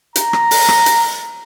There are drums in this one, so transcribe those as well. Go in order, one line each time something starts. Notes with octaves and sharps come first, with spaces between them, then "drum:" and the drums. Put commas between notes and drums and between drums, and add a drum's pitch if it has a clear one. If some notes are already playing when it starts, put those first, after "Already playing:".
A#5, drum: hi-hat
drum: rim click
drum: open hi-hat
drum: rim click
drum: hi-hat